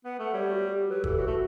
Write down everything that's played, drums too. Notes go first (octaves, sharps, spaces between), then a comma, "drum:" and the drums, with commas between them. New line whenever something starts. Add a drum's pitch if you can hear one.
B3 F#5
A3 F#5
G3 C#5
G4
F#4
G4
G4
F#3 B4
E3 A4, drum: kick
E3 F#4
A3